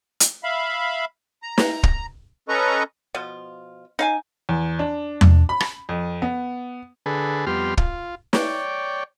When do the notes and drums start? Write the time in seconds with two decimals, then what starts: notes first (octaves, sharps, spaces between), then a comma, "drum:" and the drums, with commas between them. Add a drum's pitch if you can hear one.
0.20 drum: hi-hat
0.44 E5 F5 B5
1.43 A#5
1.58 drum: snare
1.83 drum: kick
2.49 C#4 A4 B4 D#5 A#5 C#6
3.15 B2 F3 F4
3.99 D#4 F5 G#5
4.49 E2
4.79 D4
5.21 drum: tom E2
5.49 B5
5.60 drum: rim click
5.89 F2
6.22 B3
7.06 D3 G#4 A4 B4
7.47 F2 G3 B3 G4 C6 F6
7.77 F4, drum: kick
8.33 C#5 D5 G5, drum: snare